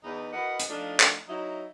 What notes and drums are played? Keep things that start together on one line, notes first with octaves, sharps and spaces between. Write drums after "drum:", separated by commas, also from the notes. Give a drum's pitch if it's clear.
E2 D#4 B4
E4 F#4 A#4 B4 D#5 F#5
drum: hi-hat
F3 A3 D4 D#4 F4
drum: clap
F#3 D#4 E4